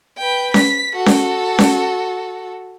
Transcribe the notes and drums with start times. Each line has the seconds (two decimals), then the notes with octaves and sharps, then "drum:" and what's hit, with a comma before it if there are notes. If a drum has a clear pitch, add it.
0.18 B4 G5
0.54 B6, drum: snare C#4
0.95 F#4 A4
1.06 drum: snare C#4
1.59 drum: snare C#4